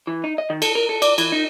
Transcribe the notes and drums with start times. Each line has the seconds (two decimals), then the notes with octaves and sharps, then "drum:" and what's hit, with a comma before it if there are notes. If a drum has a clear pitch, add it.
0.07 E3
0.24 D#4
0.38 D#5
0.50 D#3
0.62 A4, drum: cymbal
0.75 A#4
0.89 A4
1.02 D5, drum: cymbal
1.18 E3, drum: cymbal
1.32 D#4